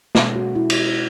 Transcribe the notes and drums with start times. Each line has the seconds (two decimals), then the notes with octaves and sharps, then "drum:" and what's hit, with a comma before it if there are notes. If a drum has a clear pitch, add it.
0.15 B2 G#3 C#4 A4, drum: snare
0.36 F#4
0.55 E4
0.70 drum: cymbal